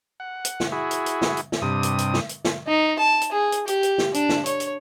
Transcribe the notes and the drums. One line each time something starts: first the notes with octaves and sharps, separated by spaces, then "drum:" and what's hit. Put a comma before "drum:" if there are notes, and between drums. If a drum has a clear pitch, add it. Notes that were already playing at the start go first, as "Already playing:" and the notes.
F#5
drum: hi-hat
drum: snare
E4 F#4 G#4
drum: hi-hat
drum: hi-hat
drum: snare
drum: hi-hat
drum: snare
G2 C3 D#6
drum: hi-hat
drum: hi-hat
drum: snare
drum: hi-hat
drum: snare
D#4
A5
drum: hi-hat
G#4
drum: hi-hat
G4, drum: hi-hat
drum: hi-hat
drum: snare
D4, drum: hi-hat
drum: snare
C#5, drum: hi-hat
drum: hi-hat